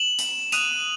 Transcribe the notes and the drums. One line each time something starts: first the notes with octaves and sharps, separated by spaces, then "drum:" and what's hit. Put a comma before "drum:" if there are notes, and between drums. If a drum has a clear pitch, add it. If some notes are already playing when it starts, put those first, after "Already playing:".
Already playing: E7 F#7
drum: hi-hat
D#6 F#6 D#7 F7, drum: hi-hat